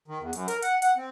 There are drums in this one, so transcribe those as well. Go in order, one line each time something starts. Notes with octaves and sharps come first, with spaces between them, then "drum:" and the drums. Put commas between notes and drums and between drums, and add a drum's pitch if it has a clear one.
D#3
E2
F#2, drum: hi-hat
A#4, drum: hi-hat
F#5, drum: hi-hat
F#5, drum: hi-hat
C4